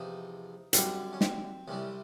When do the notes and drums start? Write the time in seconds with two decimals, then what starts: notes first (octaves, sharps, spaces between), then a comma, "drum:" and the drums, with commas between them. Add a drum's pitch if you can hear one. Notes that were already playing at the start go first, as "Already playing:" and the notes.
Already playing: E2 C3 F3 D#4
0.73 F#2 D3 G3 C4, drum: hi-hat
1.13 C#4
1.21 C4, drum: snare
1.68 C2 C3 E3 G3 C#4